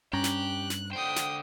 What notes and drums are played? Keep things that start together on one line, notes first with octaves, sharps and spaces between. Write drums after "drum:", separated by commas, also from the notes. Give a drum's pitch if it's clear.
G2 C#4 G4 A#5 F#6
drum: snare
drum: snare
D3 C5 G5 D#6
drum: snare